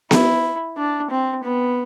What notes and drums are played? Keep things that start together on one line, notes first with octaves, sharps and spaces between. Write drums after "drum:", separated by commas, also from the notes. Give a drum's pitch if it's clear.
E4, drum: snare B3
D4
C4
B3